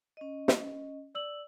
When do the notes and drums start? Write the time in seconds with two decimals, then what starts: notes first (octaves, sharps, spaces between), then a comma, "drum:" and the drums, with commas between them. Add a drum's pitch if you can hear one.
0.17 C#4 D#5
0.48 drum: snare
1.15 D5 E6 F#7